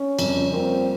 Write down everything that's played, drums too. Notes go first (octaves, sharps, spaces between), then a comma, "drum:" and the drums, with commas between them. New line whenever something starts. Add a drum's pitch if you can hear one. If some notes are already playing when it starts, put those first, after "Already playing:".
Already playing: C#4
F2 C#3 G3, drum: cymbal
G3 A#3 C4 F4 A#4